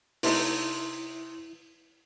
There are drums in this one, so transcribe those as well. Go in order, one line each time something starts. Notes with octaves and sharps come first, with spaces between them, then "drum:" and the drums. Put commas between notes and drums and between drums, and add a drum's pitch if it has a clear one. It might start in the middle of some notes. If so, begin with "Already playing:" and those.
C3 A3 D#4 E4, drum: open hi-hat